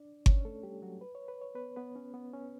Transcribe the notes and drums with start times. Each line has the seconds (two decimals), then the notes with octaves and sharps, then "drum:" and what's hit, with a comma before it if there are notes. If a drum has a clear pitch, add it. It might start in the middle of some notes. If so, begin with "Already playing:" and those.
Already playing: D4 D5
0.26 C#4 C#5, drum: kick G1
0.45 A3 A4
0.63 G3 G4
0.82 F#3 F#4
1.01 B4
1.15 C#5
1.28 B4
1.41 C#5
1.55 B3 B4
1.76 B3 B4
1.96 C#4
2.14 B3
2.33 C#4